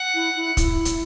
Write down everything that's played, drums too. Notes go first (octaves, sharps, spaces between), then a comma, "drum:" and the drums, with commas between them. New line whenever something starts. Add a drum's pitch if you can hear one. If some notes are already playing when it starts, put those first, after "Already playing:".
Already playing: F#5
E4
E4
E4, drum: kick, hi-hat
drum: hi-hat